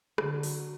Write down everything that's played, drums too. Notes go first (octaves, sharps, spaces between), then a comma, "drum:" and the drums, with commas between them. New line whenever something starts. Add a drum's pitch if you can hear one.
D3 F#3, drum: rim click
F#3, drum: open hi-hat